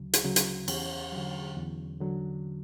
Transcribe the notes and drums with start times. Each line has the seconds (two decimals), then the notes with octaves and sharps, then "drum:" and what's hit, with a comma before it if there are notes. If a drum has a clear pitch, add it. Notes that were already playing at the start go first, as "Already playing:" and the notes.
Already playing: D2 C#3 F#3
0.13 drum: hi-hat
0.24 C#3 F#3
0.36 drum: hi-hat
0.68 E2 C#4, drum: cymbal
1.12 D3 F#3
1.56 E2
2.00 D3 F#3